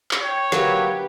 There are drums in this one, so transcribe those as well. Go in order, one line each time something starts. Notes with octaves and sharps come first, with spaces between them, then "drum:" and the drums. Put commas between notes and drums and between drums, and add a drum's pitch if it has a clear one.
drum: clap
C#5 G5
D3 F#3 A#3 G4 B4, drum: snare